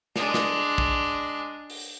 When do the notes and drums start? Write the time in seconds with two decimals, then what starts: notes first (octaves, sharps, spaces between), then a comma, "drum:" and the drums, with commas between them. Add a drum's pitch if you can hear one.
0.16 G#3 D4, drum: snare
0.34 drum: snare
0.78 drum: kick
1.70 drum: open hi-hat